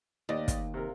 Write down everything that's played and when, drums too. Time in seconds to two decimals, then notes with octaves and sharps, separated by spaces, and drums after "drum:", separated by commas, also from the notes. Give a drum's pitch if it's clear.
0.29 D#2 G4 D5 D#5
0.48 drum: kick, hi-hat
0.74 C3 A#4